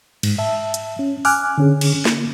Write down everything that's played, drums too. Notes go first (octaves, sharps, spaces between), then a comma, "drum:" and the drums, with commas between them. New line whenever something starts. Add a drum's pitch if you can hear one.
G#2, drum: cymbal
E5 A5
drum: hi-hat
C#4
G#5 D6 F6 F#6, drum: open hi-hat
D3 C#4 G#4
drum: cymbal
A#3, drum: snare